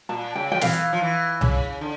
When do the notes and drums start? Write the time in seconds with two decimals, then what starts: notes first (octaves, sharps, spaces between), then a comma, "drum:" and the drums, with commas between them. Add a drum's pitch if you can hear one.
0.09 A#2 A5
0.35 C#3 G5
0.52 F3 G5
0.61 E3 F5, drum: snare
0.93 F3
1.01 E3
1.41 C#3, drum: tom C2
1.81 D3